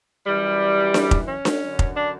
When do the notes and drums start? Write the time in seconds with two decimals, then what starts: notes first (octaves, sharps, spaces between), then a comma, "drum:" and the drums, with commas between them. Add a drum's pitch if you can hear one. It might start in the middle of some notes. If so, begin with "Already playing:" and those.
0.27 F#2 E3 G3
0.94 drum: snare D4
1.11 drum: kick F1
1.28 C#4
1.45 drum: snare D4
1.62 F#2 D3
1.79 drum: kick F1
1.95 D4